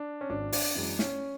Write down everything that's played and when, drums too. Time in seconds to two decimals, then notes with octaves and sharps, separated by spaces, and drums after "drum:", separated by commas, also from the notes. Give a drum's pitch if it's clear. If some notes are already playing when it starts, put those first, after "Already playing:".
Already playing: D4
0.21 C#4
0.30 G#1 D4
0.53 D4, drum: open hi-hat
0.75 F#2 E3 G#3 D4
0.99 C#4, drum: snare